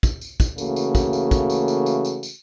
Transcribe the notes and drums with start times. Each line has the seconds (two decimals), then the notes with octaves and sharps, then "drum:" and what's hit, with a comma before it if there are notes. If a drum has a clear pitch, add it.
0.03 drum: kick, tambourine
0.21 drum: tambourine
0.40 drum: kick, tambourine
0.58 C#3 E3 A3 A#3 F#4, drum: tambourine
0.76 drum: tambourine
0.95 drum: kick, tambourine
1.13 drum: tambourine
1.31 drum: kick, tambourine
1.50 drum: tambourine
1.68 drum: tambourine
1.86 drum: tambourine
2.05 drum: tambourine
2.23 drum: tambourine